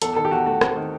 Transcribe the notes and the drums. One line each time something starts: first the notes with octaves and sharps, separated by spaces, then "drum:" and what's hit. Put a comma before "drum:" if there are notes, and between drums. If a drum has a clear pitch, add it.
E2 A4, drum: hi-hat
D#3 A4
G4
E2 F#4
A3 F#4
C4, drum: rim click
D#3